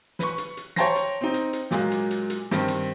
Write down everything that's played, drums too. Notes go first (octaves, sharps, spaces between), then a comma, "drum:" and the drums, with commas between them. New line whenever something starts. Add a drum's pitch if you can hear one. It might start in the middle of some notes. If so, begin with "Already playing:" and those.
B4 C#6, drum: snare
drum: hi-hat
drum: hi-hat
C#5 G5 A5 A#5 C6 A#6, drum: snare
drum: hi-hat
C4 D#4
drum: hi-hat
drum: hi-hat
A#2 F#3 G#3 A#3, drum: snare
drum: hi-hat
drum: hi-hat
drum: hi-hat
G2 D#3 C4, drum: snare
drum: hi-hat